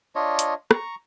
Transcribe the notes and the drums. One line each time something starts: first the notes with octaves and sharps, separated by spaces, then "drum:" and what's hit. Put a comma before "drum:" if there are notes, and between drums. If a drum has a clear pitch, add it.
D4 F4 C#5 D#5
drum: hi-hat
A#5 C#6, drum: rim click